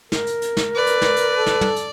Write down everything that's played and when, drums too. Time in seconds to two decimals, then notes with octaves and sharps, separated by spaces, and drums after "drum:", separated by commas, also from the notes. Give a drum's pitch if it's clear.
0.12 A#4, drum: snare
0.27 drum: hi-hat
0.42 drum: hi-hat
0.57 drum: snare
0.75 B4 D5
0.87 drum: hi-hat
1.02 drum: snare
1.16 drum: hi-hat
1.37 A4
1.46 drum: snare
1.61 drum: tom
1.76 drum: hi-hat